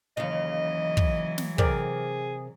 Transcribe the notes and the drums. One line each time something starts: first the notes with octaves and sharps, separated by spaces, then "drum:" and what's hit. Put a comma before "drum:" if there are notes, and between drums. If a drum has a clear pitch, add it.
D#2 C#3 E3 F#3 D#5
drum: kick
drum: snare
C3 G#4 A#4 D5, drum: kick